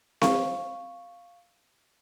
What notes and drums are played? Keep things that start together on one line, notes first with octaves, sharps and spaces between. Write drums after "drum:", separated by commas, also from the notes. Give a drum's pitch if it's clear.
F5 C#6, drum: snare C4